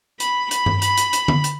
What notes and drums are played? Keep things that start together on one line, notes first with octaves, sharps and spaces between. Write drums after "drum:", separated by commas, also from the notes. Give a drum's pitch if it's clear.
B5, drum: hi-hat
B5, drum: hi-hat
drum: tom G2
B5, drum: hi-hat
drum: hi-hat
drum: hi-hat
drum: tom D3
drum: hi-hat